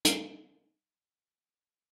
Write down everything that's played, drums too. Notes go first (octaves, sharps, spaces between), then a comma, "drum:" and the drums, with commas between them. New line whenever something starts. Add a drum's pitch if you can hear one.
G3 D#4 G#4 F5 C7, drum: hi-hat